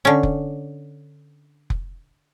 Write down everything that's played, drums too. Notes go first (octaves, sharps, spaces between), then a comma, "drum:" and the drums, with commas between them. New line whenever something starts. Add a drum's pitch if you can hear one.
D3 C#4
drum: kick F1
drum: kick F1